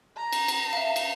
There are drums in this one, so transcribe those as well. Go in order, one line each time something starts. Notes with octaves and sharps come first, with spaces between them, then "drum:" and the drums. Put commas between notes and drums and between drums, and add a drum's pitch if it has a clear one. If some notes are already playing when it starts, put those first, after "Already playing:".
A#5
drum: cymbal
drum: cymbal
E5 F5
drum: cymbal